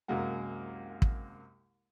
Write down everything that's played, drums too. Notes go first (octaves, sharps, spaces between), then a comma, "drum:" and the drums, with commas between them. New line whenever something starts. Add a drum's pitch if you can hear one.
C2 F#2 F#3 G#3 A#3 F#5
drum: kick